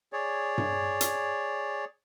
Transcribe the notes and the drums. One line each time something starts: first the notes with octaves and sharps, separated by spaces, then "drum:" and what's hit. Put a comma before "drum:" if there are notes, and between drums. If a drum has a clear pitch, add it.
G#4 C#5 D5
drum: tom G2
drum: hi-hat